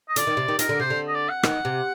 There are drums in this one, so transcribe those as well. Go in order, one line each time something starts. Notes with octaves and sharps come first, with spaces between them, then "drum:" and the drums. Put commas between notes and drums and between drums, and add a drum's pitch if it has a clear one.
D#5
D3 D5, drum: hi-hat
D#3
C3
D#3
D#3 A#4, drum: hi-hat
D3
C3 C5
D3
D#5
D5
F#5
D#3, drum: rim click
C3